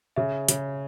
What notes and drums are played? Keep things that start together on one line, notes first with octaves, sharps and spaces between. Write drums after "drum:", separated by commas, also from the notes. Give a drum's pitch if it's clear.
C#3 E5
C#3, drum: hi-hat